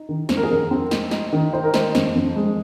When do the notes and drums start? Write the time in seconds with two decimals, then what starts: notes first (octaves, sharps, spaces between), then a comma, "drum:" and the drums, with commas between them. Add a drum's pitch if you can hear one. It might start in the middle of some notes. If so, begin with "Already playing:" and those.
Already playing: D#4
0.09 D#3
0.29 F2 C5, drum: snare
0.37 A#4
0.43 G#4
0.50 F2 A#4
0.71 C4
0.91 D#4, drum: snare
1.11 D#4, drum: snare
1.33 D#3
1.53 D#4 C5
1.64 A#4
1.74 D#4 C5, drum: snare
1.95 F2, drum: snare
2.15 F2
2.36 G#3